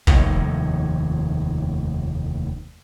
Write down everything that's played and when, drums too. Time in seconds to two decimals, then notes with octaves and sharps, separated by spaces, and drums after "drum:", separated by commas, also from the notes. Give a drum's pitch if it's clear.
0.07 F1 D#2 A2 D#3, drum: kick